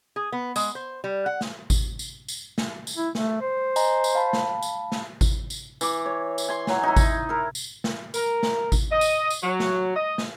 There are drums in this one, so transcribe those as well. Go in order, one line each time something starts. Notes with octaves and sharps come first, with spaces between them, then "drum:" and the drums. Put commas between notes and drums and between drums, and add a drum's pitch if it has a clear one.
G#4
B3
G#3, drum: tambourine
C5
G3
F#5
drum: snare
drum: kick G#1, tambourine
drum: tambourine
drum: tambourine
drum: snare
drum: tambourine
E4
A3, drum: snare
C5
D#5 G#5 A#5, drum: tambourine
drum: tambourine
F5 A5 B5
drum: snare
drum: tambourine
drum: snare
drum: kick G#1, tambourine
drum: tambourine
E3 D6, drum: tambourine
C#5
drum: tambourine
G#5 C6
E3 F#3, drum: snare
D#4 E4
drum: kick G#1, tambourine
E4 A#4
drum: tambourine
drum: snare
A#4, drum: tambourine
drum: snare
drum: kick G#1, tambourine
D#5
drum: tambourine
drum: tambourine
F#3
drum: snare
D#5
drum: snare